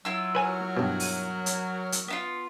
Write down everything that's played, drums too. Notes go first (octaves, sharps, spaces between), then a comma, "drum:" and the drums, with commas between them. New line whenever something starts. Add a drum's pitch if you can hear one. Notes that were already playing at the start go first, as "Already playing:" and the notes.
F#3 E4 F4 E6
F#4 A#4 B4 C#5 G#5
G2 B2
drum: open hi-hat
drum: hi-hat
drum: hi-hat
B3 E4 F4